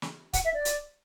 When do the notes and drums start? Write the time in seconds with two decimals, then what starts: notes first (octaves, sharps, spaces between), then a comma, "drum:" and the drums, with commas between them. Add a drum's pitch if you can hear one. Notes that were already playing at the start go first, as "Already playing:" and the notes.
0.02 drum: snare
0.33 F#5, drum: kick C#1, hi-hat
0.45 E5
0.54 D5
0.65 drum: hi-hat